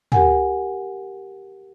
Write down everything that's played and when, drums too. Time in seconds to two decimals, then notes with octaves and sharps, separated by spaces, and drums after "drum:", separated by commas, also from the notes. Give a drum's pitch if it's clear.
0.12 G4 A#4 F#5 G#5, drum: tom